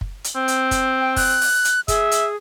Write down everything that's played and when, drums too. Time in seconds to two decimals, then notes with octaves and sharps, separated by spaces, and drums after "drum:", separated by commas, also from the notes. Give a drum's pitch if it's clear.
0.01 drum: kick
0.24 drum: hi-hat
0.36 C4
0.48 drum: hi-hat
0.71 drum: kick, hi-hat
1.01 G5
1.16 F#6, drum: kick, open hi-hat
1.41 drum: open hi-hat
1.65 drum: hi-hat
1.88 G#4 E5, drum: kick, hi-hat
2.11 drum: hi-hat